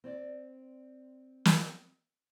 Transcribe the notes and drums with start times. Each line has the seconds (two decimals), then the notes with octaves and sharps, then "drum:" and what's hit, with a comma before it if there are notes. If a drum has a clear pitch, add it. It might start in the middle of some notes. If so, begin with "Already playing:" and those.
0.04 C4 C#5 D5
1.45 drum: snare